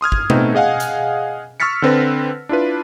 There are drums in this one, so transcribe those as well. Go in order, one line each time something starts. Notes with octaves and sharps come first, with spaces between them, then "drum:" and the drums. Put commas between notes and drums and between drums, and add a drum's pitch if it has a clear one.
C6 D#6 F6 G#6
drum: kick
A3 B3 C4 D#4, drum: tom B2
G#4 D#5 F5 F#5 G#5
drum: hi-hat
C#6 E6 F6 A6 B6 C#7
D3 C4 B4 A#6
D4 E4 F4 B4